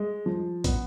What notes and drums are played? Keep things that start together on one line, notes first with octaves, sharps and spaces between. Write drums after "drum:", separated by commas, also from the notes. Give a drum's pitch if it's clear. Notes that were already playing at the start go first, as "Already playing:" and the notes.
Already playing: G#3
F3
B3, drum: kick, hi-hat